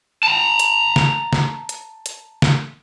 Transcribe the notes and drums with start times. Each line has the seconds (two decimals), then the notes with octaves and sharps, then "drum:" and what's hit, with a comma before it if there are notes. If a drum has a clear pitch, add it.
0.23 A5 A#5
0.59 drum: hi-hat
0.96 drum: snare
1.33 drum: snare
1.69 drum: hi-hat
2.06 drum: hi-hat
2.42 drum: snare